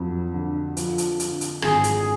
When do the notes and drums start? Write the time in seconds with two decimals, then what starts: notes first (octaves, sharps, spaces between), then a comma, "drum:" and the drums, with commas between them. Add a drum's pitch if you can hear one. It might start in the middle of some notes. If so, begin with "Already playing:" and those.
Already playing: F2 F#3
0.34 D3
0.77 F3, drum: hi-hat
0.98 drum: hi-hat
1.20 D3, drum: hi-hat
1.41 drum: hi-hat
1.62 G#1 G#4, drum: rim click
1.84 drum: hi-hat